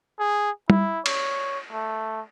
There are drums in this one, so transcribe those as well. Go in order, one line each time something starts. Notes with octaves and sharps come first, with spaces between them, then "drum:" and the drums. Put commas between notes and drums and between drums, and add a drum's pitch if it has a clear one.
G#4
E4, drum: tom G3
C#5, drum: cymbal
A3